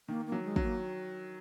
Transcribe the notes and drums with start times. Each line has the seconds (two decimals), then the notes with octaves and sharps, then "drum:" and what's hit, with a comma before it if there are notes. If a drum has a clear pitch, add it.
0.08 D#3 A#3
0.27 A#3
0.32 F#3
0.44 G#3
0.56 F#3, drum: kick
0.62 A#3